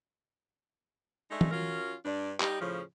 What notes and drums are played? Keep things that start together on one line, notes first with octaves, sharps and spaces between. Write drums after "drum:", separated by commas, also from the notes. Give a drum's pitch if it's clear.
G#3 A3 D4 D#4
drum: tom E3
C#4 F4 F#4 A#4
G2 D4
G3 D#4 G4, drum: clap
A2 C#3 F3